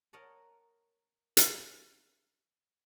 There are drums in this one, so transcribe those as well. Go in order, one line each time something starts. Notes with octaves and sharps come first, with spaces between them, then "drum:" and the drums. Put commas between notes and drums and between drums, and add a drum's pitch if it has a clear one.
A#4 C#5 D#5 F#5 A5
drum: hi-hat